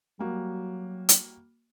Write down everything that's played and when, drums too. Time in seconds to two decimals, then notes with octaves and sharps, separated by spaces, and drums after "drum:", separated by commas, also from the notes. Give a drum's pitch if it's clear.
0.19 F#3 G3 A#3 F#4
1.09 drum: hi-hat